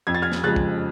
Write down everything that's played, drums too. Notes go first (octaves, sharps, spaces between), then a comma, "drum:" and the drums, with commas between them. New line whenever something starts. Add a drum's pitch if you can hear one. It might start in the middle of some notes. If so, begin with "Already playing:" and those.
F2 G#6
A6
F6 G#6
drum: snare
C#3 F3 G#3 F#6 A6
drum: kick